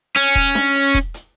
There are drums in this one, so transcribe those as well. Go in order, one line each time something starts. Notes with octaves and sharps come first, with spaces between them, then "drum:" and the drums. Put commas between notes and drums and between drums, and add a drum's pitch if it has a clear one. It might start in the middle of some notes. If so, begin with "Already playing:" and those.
C#4
drum: kick E1, hi-hat
drum: snare D4
drum: hi-hat
drum: kick E1, hi-hat
drum: hi-hat